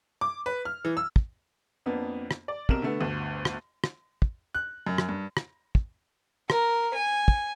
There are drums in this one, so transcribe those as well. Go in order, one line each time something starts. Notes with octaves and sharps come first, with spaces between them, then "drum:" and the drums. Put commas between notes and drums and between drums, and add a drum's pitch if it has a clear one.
D6
B4
F6
E3
E6
drum: kick
F2 A#3 B3 D4
drum: rim click
D5
B1 C3 A#4 E7, drum: kick
D3 A3 B3
G1 D2
drum: rim click
drum: rim click
drum: kick
F#6
F#2
drum: rim click
G2
drum: rim click
drum: kick
A#4, drum: rim click
G#5
drum: kick